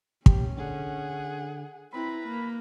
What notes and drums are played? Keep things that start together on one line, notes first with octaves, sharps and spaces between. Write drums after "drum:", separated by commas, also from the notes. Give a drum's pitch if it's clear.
C#4 G4, drum: kick
D3 G#4 F#5
C4 E4 B4 A#5 B5
A#3